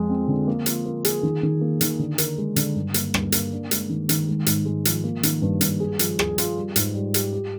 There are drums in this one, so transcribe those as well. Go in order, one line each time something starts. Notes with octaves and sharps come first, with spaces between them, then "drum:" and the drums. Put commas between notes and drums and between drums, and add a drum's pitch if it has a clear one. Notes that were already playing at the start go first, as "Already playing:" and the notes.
Already playing: F2 G#3
C4
D3
A#3
F4, drum: hi-hat
A#3
G#4, drum: hi-hat
D#3
D#3
A#3
D#3, drum: hi-hat
D3
A#4, drum: hi-hat
G#3
D3, drum: hi-hat
G2
A#3, drum: hi-hat
G2, drum: rim click
A#3, drum: hi-hat
D4
G#3, drum: hi-hat
D#3
D#3, drum: hi-hat
G#3
G#2, drum: hi-hat
G#3
F3, drum: hi-hat
A#3
D#3, drum: hi-hat
G2
G2, drum: hi-hat
G#4
F3, drum: hi-hat
G#4, drum: rim click
F4, drum: hi-hat
G3
G#2, drum: hi-hat
G3
G4, drum: hi-hat
G4